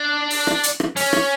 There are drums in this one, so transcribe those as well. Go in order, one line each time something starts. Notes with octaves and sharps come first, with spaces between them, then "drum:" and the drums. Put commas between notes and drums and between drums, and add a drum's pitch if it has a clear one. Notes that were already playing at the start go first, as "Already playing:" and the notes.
Already playing: D4
drum: open hi-hat
drum: rim click
drum: hi-hat
drum: rim click
C#4, drum: open hi-hat
drum: rim click